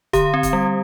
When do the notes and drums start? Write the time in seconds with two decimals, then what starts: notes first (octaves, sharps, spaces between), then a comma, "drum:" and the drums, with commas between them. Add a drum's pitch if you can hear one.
0.13 D3 G4, drum: kick, hi-hat
0.34 C4
0.43 drum: kick, hi-hat
0.53 G3